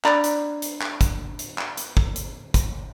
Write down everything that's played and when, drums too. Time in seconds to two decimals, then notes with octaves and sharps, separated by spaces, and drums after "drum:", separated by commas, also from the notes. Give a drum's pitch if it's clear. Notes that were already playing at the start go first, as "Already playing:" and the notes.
0.05 D4 D5 A#5 B5, drum: clap
0.24 drum: hi-hat
0.62 drum: hi-hat
0.81 drum: clap
1.01 drum: kick, hi-hat
1.39 drum: hi-hat
1.58 drum: clap
1.77 drum: hi-hat
1.97 drum: kick
2.16 drum: hi-hat
2.54 drum: kick, hi-hat